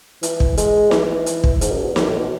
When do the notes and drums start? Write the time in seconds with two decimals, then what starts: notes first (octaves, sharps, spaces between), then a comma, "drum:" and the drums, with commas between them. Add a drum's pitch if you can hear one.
0.23 E3, drum: hi-hat
0.40 drum: kick
0.57 G#3, drum: hi-hat
0.91 E3, drum: snare
1.26 drum: hi-hat
1.44 drum: kick
1.61 G#2, drum: hi-hat
1.72 F#2
1.83 E2
1.96 F#2, drum: snare
2.07 A2
2.19 B2